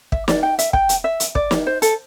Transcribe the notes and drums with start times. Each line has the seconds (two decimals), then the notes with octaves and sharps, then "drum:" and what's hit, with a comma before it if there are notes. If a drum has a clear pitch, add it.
0.12 E5, drum: kick
0.28 D5, drum: snare
0.43 G5
0.59 E5, drum: hi-hat
0.73 G5, drum: kick
0.89 drum: hi-hat
1.04 E5
1.20 drum: hi-hat
1.35 D5, drum: kick
1.51 drum: snare
1.67 C5
1.82 A4, drum: hi-hat